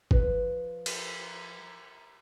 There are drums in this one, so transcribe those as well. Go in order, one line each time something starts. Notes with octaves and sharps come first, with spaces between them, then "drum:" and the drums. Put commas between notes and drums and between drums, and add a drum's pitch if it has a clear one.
F3 B4 C5, drum: kick
drum: cymbal